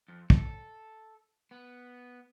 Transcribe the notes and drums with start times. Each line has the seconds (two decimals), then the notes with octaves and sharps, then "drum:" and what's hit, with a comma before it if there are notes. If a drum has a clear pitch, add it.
0.08 F2
0.30 A4, drum: kick
1.51 B3